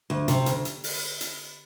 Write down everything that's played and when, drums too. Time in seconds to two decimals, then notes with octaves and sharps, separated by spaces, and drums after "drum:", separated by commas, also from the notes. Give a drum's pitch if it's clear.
0.10 D2
0.28 C3, drum: hi-hat
0.46 D2, drum: hi-hat
0.65 drum: hi-hat
0.84 drum: open hi-hat
1.21 drum: hi-hat